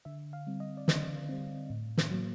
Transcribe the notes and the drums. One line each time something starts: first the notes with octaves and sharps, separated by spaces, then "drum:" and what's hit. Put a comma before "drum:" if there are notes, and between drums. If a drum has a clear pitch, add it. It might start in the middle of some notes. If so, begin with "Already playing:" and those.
D3 E5
F5
G3 C4
D#5
D5
D3 D#5, drum: snare
G3 C4
A2
drum: snare
F#3 A#3